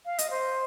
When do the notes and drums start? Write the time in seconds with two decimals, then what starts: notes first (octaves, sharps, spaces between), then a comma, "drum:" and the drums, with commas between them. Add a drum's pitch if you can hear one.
0.06 F5
0.19 D#5, drum: hi-hat
0.31 C5